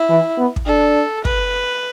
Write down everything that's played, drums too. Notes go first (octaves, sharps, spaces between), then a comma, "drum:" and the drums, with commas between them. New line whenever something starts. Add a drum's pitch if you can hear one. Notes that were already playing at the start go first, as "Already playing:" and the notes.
Already playing: E4
E3
B3
drum: kick
D4 A4
B4, drum: kick